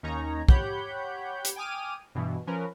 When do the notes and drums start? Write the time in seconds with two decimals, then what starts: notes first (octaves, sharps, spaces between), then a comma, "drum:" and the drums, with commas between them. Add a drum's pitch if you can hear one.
0.03 D#2 C#4 D#4 C#5 A#5
0.48 G4 C#5 F#5 B5 G6, drum: kick
1.45 drum: hi-hat
1.56 G5 G#5 D6 D#6 F6 D#7
2.15 G2 B2 E3
2.47 F3 C#4 A#4 B4